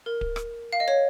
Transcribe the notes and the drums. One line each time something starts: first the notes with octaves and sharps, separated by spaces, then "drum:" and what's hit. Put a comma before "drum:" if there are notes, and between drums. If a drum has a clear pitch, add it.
A#4
drum: kick D1
drum: rim click
F5
D#5
C#5